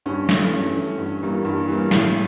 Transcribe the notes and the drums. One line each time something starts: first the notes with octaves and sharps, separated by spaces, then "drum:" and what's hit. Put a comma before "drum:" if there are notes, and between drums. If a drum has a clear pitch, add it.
G2 C#4
E3 A3, drum: snare
G2 C#4
E3 A3
G2
E3 G3 A#3
G2
E3 G3 A#3
A2, drum: snare